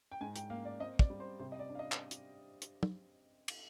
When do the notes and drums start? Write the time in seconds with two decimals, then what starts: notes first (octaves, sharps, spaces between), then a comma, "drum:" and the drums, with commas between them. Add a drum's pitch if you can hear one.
0.12 G5
0.21 G#2 G#5
0.36 G5, drum: hi-hat
0.50 A#3 F5
0.65 D5
0.80 C4 D#5
0.99 D5, drum: kick
1.10 G3
1.20 C5
1.39 C3 C5
1.52 D#5
1.59 D5
1.69 D4
1.75 F5
1.79 D#5
1.92 drum: clap
2.11 drum: hi-hat
2.62 drum: hi-hat
2.83 drum: tom
3.48 drum: cymbal